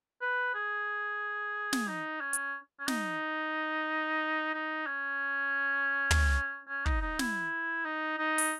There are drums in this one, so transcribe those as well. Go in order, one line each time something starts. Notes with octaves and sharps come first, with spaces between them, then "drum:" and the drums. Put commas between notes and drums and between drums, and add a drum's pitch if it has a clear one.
B4
G#4
drum: snare
D#4
C#4
drum: hi-hat
C#4
D#4, drum: snare
D#4
C#4
drum: tom
C#4
D#4, drum: kick
D#4
E4, drum: snare
D#4
D#4
drum: open hi-hat